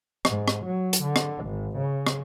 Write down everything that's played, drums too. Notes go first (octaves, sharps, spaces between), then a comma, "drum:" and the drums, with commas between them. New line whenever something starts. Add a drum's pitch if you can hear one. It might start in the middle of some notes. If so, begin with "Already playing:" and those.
G#2, drum: rim click
drum: rim click
F#3
drum: hi-hat
D3
drum: rim click
G#1
C#3
drum: rim click